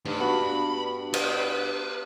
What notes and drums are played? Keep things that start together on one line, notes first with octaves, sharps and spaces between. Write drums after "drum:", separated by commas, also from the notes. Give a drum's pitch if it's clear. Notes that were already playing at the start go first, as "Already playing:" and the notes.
G2 A3 D#4
B3 D4 F#4 B5
B4, drum: cymbal